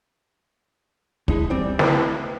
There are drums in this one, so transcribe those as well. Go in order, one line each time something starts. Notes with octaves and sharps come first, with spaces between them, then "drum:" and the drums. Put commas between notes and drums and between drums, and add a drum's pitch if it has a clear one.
D3 G#3 D#4 E4, drum: kick
E3 G3 C4 D5
A3 E4 B4 C5 G5 A5, drum: snare